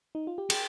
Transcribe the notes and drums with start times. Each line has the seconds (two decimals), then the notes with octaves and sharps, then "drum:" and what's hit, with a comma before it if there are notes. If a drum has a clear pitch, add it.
0.15 D#4
0.27 F4
0.38 G4
0.50 G4 G#4, drum: cymbal